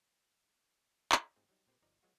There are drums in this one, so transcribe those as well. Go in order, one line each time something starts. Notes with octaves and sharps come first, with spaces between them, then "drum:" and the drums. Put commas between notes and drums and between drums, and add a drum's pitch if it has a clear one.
drum: clap
G#2 G#3 A3 C4 F4 G4
F#3 G3 D#4
A#2 C4 G4 B4
G1 F3 D#4 D5 D#5 A#5
F#3 G#3 B3 F4 F#4